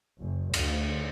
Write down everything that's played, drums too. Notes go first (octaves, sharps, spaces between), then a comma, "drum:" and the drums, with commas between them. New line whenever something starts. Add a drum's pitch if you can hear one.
F#1
D2, drum: cymbal